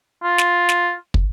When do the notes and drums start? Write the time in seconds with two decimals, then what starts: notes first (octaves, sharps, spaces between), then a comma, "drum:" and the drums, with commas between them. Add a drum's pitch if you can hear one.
0.23 F4
0.38 drum: snare
0.69 drum: snare
1.14 drum: kick